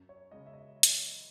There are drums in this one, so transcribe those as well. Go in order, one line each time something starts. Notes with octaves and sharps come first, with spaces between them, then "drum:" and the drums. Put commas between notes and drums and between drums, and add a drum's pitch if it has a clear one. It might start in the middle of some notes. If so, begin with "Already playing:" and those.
Already playing: F#2
C#5
C#3 G#3 D#5
E5
D#5
drum: hi-hat